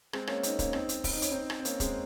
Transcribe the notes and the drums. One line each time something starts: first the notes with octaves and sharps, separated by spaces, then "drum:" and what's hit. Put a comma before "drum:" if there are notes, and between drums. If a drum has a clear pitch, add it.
G#3 C4, drum: rim click
A#3 C#4, drum: rim click
C4 D#4, drum: hi-hat
A#3 C#4, drum: kick, hi-hat
C4 D#4, drum: rim click
drum: hi-hat
drum: kick, open hi-hat
D#4
C#4, drum: hi-hat
C4 D#4
drum: rim click
C4
A#3 C#4, drum: hi-hat
G#3 C4, drum: kick, hi-hat